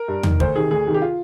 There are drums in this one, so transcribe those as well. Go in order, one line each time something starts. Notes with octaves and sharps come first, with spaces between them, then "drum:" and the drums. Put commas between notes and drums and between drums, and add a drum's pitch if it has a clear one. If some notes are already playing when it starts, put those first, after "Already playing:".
Already playing: A#4
G2
D#3, drum: tom
D2 C5, drum: kick
C3 D#3 G#4
D2 G#4
C3 D#3
G4
F4